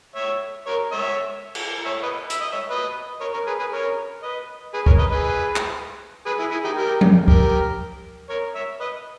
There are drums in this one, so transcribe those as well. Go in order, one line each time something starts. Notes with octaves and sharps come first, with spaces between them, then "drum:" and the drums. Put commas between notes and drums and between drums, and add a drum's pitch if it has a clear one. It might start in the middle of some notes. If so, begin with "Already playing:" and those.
C#5 E5
A#4 C#5
C#5 E5
drum: cymbal
C#5 E5
B4 D#5
E5, drum: hi-hat
D#5
C#5 E5
B4 D#5
A#4 C#5
A#4 C#5
G#4 B4
G#4 B4
A#4 C#5
B4 D#5
G#4 B4
A#4 C#5, drum: kick
B4 D#5
G#4 B4
drum: clap
G#4 B4
E4 G#4
E4 G#4
D#4 G4
G4 A#4
drum: tom F3
G4 A#4, drum: kick
A#4 C#5
C#5 E5
B4 D#5